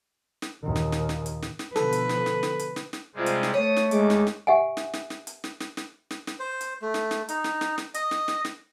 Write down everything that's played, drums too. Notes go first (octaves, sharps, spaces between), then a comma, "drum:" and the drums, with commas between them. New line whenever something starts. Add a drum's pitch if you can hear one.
drum: snare
D#2 A#2
drum: snare
drum: snare
drum: snare
drum: hi-hat
drum: snare
drum: snare
B2 D3 F3 A4 B4, drum: snare
drum: hi-hat
drum: snare
drum: snare
drum: snare
drum: hi-hat
drum: snare
drum: snare
C3 G3 G#3 F4 C5
drum: hi-hat
drum: snare
A3 C#5 D#6
drum: snare
D#2 G#3 D6, drum: hi-hat
drum: snare
drum: snare
G4 E5 F#5 G#5
drum: snare
drum: snare
drum: snare
drum: hi-hat
drum: snare
drum: snare
drum: snare
drum: snare
drum: snare
C5
drum: hi-hat
A3
drum: snare
drum: snare
D#4, drum: hi-hat
drum: snare
drum: snare
drum: snare
D#5, drum: hi-hat
drum: snare
drum: snare
drum: snare